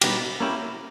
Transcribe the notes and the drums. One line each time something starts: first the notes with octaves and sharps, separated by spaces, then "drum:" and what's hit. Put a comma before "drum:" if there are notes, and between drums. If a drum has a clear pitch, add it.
B2 G3 B3 D#4 G4, drum: cymbal
A#3 C#4 E4 G4